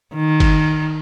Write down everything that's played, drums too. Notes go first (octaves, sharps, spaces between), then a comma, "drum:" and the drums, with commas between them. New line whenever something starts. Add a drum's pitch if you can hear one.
D#3
drum: kick G1, cymbal